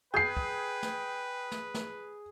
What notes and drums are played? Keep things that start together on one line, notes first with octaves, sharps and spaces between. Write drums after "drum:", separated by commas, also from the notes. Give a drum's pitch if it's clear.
G#4 B4 G5 G6 C7
drum: kick
drum: snare
drum: snare
drum: snare